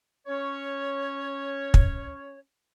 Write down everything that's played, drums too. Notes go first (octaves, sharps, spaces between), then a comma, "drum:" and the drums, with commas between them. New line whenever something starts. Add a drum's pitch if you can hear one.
C#4 C#5
drum: kick